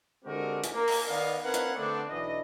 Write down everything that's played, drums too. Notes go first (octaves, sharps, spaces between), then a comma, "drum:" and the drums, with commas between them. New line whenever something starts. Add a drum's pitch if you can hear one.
D3 G#3 C4 F#4 G4 A#4
drum: hi-hat
A#3
drum: open hi-hat
D#3 B3 D5 D#5 F5
C4 A#4 B4 C#5 F5 F#5
drum: hi-hat
D3 A3 B3 C4 D4
B1 E3 D4 D#5